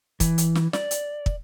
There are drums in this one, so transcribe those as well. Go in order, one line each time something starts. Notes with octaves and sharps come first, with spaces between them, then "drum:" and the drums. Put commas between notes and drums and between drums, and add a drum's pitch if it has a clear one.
E3, drum: kick, hi-hat
drum: hi-hat
drum: snare
D5, drum: snare
drum: hi-hat
drum: kick